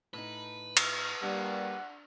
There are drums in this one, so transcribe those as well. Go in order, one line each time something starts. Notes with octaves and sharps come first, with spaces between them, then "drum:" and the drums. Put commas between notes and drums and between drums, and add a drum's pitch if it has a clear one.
A2 D#4 B4
drum: cymbal
G3 A#3 D4 F#5